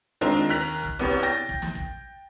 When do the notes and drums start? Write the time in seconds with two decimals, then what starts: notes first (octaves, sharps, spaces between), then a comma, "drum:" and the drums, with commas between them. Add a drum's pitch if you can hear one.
0.21 D#3 G#3 C4 D4 F4 A#4
0.49 D#2 A#4 F#6 B6 F7
0.84 drum: kick
0.99 C2 B3 G4 C#5, drum: kick
1.23 G5 A6 A#6
1.49 drum: kick
1.62 drum: snare
1.75 drum: kick